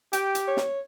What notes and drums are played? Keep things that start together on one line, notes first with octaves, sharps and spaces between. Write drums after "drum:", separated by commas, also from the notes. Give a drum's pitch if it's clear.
G4 G5, drum: hi-hat
drum: hi-hat
C#5
drum: snare